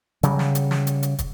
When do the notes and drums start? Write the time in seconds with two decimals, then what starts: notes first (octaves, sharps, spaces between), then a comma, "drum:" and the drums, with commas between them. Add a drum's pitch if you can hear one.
0.23 C#3 F#3 G3, drum: hi-hat
0.39 drum: snare
0.55 drum: hi-hat
0.71 drum: snare
0.87 drum: hi-hat
1.03 drum: hi-hat
1.19 drum: kick, hi-hat